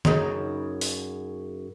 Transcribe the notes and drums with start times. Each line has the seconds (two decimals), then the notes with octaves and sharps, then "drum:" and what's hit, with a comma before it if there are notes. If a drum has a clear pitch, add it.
0.05 F#2 C#3 D#4, drum: tom D3
0.81 drum: open hi-hat